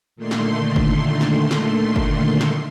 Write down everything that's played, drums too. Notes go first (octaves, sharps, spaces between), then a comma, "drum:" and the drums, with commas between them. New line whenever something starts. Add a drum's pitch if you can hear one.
A#2 D3 D#3 A3 C6
drum: snare
drum: kick
drum: snare
drum: snare
drum: kick
drum: snare